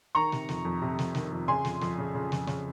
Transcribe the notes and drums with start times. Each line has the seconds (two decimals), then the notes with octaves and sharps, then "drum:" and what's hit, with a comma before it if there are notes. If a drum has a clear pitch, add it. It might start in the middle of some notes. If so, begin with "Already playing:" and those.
0.15 D#3 A#5 C#6
0.32 C3, drum: snare
0.49 F2, drum: snare
0.65 F2
0.82 C3
0.99 F2, drum: snare
1.15 D#3, drum: snare
1.31 F2
1.48 C#3 G#5 C6
1.65 F2, drum: snare
1.81 F2, drum: snare
1.98 C#3
2.15 C#3
2.32 F2, drum: snare
2.47 C#3, drum: snare